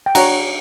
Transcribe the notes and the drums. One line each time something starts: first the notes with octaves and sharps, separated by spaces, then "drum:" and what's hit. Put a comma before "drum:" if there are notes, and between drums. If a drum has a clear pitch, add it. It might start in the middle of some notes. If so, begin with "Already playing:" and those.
G5
D4 F#4 C#5 F#5 A#5, drum: cymbal